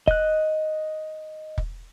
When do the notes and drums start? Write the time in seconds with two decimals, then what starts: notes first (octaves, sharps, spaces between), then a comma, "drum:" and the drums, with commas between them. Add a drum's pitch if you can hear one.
0.08 D#5 F#6, drum: kick
1.58 drum: kick